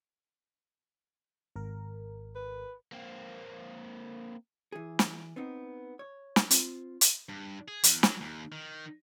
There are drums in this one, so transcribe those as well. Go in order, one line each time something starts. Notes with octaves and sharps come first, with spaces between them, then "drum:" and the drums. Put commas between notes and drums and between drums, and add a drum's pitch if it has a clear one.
G#1 A#4
B4
A#3 C4
E3 G#4
drum: snare
B3 C4 D#4
C#5
drum: snare
C4 F4 C5, drum: hi-hat
drum: hi-hat
G2
G#4
E2, drum: hi-hat
F#3, drum: snare
D#2
D#3